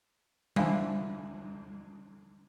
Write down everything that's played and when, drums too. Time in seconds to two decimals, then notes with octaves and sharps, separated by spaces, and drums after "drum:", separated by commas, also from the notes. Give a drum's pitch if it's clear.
0.56 D3 E3 F3, drum: tom G3